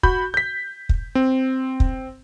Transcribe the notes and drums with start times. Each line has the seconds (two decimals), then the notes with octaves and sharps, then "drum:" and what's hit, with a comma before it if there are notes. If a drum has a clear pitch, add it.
0.03 F#4 B5 G6, drum: kick
0.34 G6 B6
0.89 drum: kick
1.15 C4
1.80 drum: kick